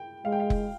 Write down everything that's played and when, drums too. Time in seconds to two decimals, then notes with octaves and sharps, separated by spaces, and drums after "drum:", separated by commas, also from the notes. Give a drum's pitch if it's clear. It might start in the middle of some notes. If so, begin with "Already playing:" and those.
Already playing: G5
0.25 G#3 F5
0.32 G5
0.40 F5
0.50 drum: kick F1